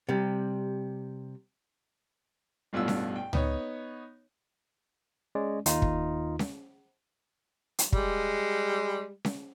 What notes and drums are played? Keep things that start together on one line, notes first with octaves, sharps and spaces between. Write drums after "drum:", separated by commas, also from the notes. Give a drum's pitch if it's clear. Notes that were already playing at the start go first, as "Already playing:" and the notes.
C3 G3
A1 G2 B2 F4 E6
drum: snare C#4
G5
B3 D#4 C#5, drum: tom C#2
G#3 C#4 D5
D#2 D#3 D#4 F4, drum: hi-hat
drum: kick
drum: snare C#4
drum: hi-hat
G3 G#3, drum: kick
drum: snare C#4